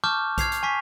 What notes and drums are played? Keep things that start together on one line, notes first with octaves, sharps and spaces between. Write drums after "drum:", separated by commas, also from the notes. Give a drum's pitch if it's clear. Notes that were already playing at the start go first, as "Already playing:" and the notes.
A5 C#6 D6 F6 G6
F6 G#6 C7 F7, drum: kick B1, hi-hat
drum: hi-hat
G#5 C#6 B6